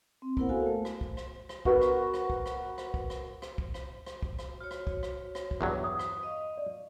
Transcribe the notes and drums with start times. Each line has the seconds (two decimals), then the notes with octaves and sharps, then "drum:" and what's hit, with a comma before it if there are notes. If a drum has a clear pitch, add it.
0.22 C4
0.37 A#3 B3 E4 A#4 C5 F#5, drum: kick
0.49 F#4 A4 C5 F5 G#5
0.66 A3
0.85 drum: rim click
1.01 drum: kick
1.17 drum: rim click
1.49 drum: rim click
1.65 B3 F#4 A#4 B4, drum: kick
1.81 drum: rim click
2.14 drum: rim click
2.30 drum: kick
2.46 drum: rim click
2.78 drum: rim click
2.94 drum: kick
3.10 drum: rim click
3.42 drum: rim click
3.58 drum: kick
3.74 drum: rim click
4.06 drum: rim click
4.23 drum: kick
4.39 drum: rim click
4.61 F#4 C#5 F6
4.71 drum: rim click
4.87 drum: kick
5.03 drum: rim click
5.35 drum: rim click
5.51 drum: kick
5.61 E2 G2 F#3
5.84 D#6
5.99 drum: rim click
6.23 D#5 F5 C#6
6.58 D5